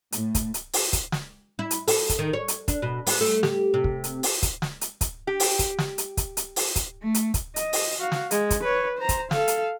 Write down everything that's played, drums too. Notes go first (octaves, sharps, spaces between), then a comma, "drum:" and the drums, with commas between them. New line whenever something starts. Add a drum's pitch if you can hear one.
A2, drum: hi-hat
drum: kick, hi-hat
drum: hi-hat
drum: open hi-hat
drum: kick, hi-hat
drum: snare
E4
drum: hi-hat
A4, drum: open hi-hat
drum: kick, hi-hat
D#3
C#5
drum: hi-hat
D4, drum: kick, hi-hat
B2
B3, drum: open hi-hat
A3
G4, drum: snare
C3
drum: kick
drum: hi-hat
drum: open hi-hat
drum: kick, hi-hat
drum: snare
drum: hi-hat
drum: kick, hi-hat
G4
drum: open hi-hat
drum: kick, hi-hat
drum: snare
drum: hi-hat
drum: kick, hi-hat
drum: hi-hat
drum: open hi-hat
drum: kick, hi-hat
A3
drum: hi-hat
drum: kick, hi-hat
D#5, drum: hi-hat
drum: open hi-hat
F#4 F5
drum: snare
G#3, drum: hi-hat
drum: kick, hi-hat
B4 C#5
C5 A#5
drum: kick, hi-hat
A4 F5, drum: snare
drum: hi-hat